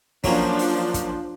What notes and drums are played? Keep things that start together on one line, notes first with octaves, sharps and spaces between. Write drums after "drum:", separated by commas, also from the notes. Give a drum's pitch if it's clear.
F3 F#3 A#3 C#4 D4, drum: kick, open hi-hat
drum: open hi-hat
drum: kick, hi-hat